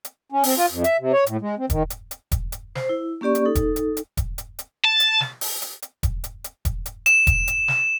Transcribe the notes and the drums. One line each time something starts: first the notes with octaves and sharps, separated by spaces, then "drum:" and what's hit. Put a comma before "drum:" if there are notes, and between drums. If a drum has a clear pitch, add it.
drum: hi-hat
C#4
C4, drum: open hi-hat
F4
F2
E5, drum: hi-hat
C3
C#5
A2, drum: hi-hat
G#3
C4
D#3, drum: kick E1, hi-hat
drum: hi-hat
drum: hi-hat
drum: kick E1, hi-hat
drum: hi-hat
C5, drum: snare
E4
A#3 C#4 G4 D5 C#6
drum: hi-hat
D#4 A4
drum: kick E1, hi-hat
drum: hi-hat
drum: hi-hat
drum: kick E1, hi-hat
drum: hi-hat
drum: hi-hat
A5
drum: hi-hat
drum: snare
drum: open hi-hat
drum: hi-hat
drum: hi-hat
drum: kick E1, hi-hat
drum: hi-hat
drum: hi-hat
drum: kick E1, hi-hat
drum: hi-hat
E7, drum: hi-hat
drum: kick E1, hi-hat
drum: hi-hat
drum: snare